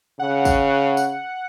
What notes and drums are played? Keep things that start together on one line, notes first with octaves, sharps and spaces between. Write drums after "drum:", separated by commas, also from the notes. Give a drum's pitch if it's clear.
C#3 F#5
drum: kick, tambourine
drum: tambourine